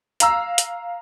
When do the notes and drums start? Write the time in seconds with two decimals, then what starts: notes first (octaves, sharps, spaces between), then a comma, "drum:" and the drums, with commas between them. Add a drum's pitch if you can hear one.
0.20 F5 A#5 E6, drum: hi-hat
0.58 drum: hi-hat